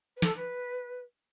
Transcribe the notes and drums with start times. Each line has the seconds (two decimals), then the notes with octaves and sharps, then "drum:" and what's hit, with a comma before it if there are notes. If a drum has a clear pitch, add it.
0.16 B4
0.22 A4, drum: snare
0.35 B4